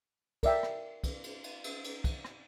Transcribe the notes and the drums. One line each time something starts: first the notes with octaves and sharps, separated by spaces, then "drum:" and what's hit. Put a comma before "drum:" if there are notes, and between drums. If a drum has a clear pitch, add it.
A#4 D5 E5 G5, drum: kick, cymbal
drum: rim click
drum: kick, cymbal
drum: cymbal
drum: cymbal
drum: cymbal
drum: cymbal
drum: kick, cymbal
drum: rim click